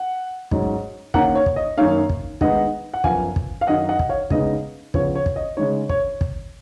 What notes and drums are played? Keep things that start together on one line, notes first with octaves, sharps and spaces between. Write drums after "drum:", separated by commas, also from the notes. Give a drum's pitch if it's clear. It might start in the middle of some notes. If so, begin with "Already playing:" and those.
Already playing: F#5
G#2 F#3 C#4, drum: kick
D#3 A#3 C#4 F#5 A#5, drum: kick
C#5
drum: kick
D#5
F#2 D#3 A#3 D#4 C#5 F5
drum: kick
D#3 G#3 B3 D#4 D#5 F#5, drum: kick
F#5
F#2 F3 B3 F5 G#5, drum: kick
drum: kick
F5
F#2 D#3 F#3 D#5 F#5
D#5 F#5
drum: kick
C#5 F5
C#3 G#3 B3 D#4 D#5, drum: kick
C#3 F3 B3 C#5, drum: kick
C#5
drum: kick
D#5
C#3 G#3 D#4 C#5
C#5, drum: kick
drum: kick